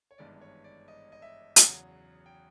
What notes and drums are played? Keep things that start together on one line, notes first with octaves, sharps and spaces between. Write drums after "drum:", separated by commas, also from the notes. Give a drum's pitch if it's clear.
C#5
G#1 G2 E3 G#3 B3 D5
C#5
D5
D#5
D#5
E5
E2 C#3 F#3 F#5, drum: hi-hat
G5